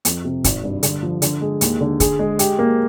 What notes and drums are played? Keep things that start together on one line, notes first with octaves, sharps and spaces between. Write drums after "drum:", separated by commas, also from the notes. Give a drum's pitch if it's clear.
F2, drum: hi-hat
C3
G#1, drum: kick, hi-hat
G2
D3, drum: hi-hat
F3
D3, drum: hi-hat
G#3
D#2, drum: hi-hat
D3
G#4, drum: kick, hi-hat
G#3
G4, drum: hi-hat
A#3